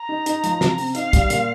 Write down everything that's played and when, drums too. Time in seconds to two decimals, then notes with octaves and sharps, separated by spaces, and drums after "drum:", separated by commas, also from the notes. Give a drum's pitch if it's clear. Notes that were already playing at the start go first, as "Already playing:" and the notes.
Already playing: A#5
0.09 D#4
0.26 D#4, drum: hi-hat
0.44 F3, drum: hi-hat
0.61 C3, drum: snare
0.78 C4, drum: open hi-hat
0.95 D#4 F5, drum: hi-hat
1.13 G3, drum: kick, hi-hat
1.30 A#2, drum: hi-hat